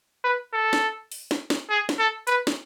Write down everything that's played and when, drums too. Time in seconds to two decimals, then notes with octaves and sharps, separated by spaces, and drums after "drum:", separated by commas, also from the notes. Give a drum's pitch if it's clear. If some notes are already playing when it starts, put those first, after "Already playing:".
0.24 B4
0.53 A4
0.73 drum: snare
1.12 drum: open hi-hat
1.31 drum: snare
1.50 drum: snare
1.70 G#4
1.89 drum: snare
1.99 A4
2.27 B4, drum: hi-hat
2.47 drum: snare